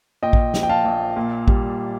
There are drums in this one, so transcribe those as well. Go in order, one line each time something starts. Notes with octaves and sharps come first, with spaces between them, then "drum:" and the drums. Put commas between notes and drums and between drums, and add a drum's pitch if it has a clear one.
A#2 D#5 G5
drum: kick A1
F3, drum: snare
G5
F5 A5
A#1
A#2
G3, drum: kick A1